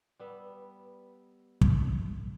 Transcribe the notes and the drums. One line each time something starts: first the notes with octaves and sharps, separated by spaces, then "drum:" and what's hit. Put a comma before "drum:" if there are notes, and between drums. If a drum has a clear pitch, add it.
G3 B3 E5
drum: kick